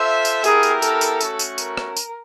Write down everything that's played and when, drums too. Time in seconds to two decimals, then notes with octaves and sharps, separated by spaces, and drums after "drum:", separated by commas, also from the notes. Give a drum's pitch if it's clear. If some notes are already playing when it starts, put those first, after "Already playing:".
Already playing: F4 A4 C5 E5
0.25 drum: tambourine
0.44 B3 E4 G4 G#4 A#4, drum: tambourine
0.63 drum: tambourine
0.82 A4, drum: tambourine
1.01 drum: tambourine
1.21 A3 C#4 F#4, drum: tambourine
1.39 drum: tambourine
1.58 A#4, drum: tambourine
1.77 drum: rim click
1.97 drum: tambourine